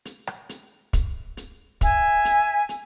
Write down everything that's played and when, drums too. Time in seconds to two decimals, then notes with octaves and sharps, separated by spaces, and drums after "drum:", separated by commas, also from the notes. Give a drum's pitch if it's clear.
0.05 drum: hi-hat
0.27 drum: rim click
0.49 drum: hi-hat
0.93 drum: kick, hi-hat
1.37 drum: hi-hat
1.81 E5 G#5, drum: kick, hi-hat
2.25 drum: hi-hat
2.69 drum: hi-hat